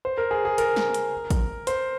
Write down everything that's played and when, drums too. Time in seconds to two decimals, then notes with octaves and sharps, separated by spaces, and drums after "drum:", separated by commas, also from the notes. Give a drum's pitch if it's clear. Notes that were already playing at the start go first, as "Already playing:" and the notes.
0.05 C5
0.18 A#4
0.31 G#4
0.45 G#4
0.58 A#4, drum: hi-hat
0.76 drum: snare
0.94 drum: hi-hat
1.30 drum: kick, hi-hat
1.67 C5, drum: hi-hat